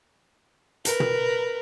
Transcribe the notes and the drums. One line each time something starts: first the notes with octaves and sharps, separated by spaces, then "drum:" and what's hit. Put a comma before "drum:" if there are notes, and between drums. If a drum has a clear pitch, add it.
A#4 B4, drum: hi-hat
drum: tom